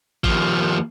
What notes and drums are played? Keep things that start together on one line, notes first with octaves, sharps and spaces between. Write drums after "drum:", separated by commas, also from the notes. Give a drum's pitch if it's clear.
D#2 F3, drum: kick G#1